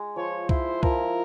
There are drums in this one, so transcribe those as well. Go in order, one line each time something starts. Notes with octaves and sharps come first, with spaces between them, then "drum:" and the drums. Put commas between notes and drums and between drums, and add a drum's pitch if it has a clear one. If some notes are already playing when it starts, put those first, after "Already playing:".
Already playing: G#3
F3 C#5
E4 C5, drum: kick C2
F3 A#4, drum: kick C2